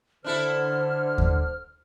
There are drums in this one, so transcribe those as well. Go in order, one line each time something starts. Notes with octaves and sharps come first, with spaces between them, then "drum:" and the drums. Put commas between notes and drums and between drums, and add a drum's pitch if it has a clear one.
D3 D4 E4 A4 C5 F6
drum: kick D#2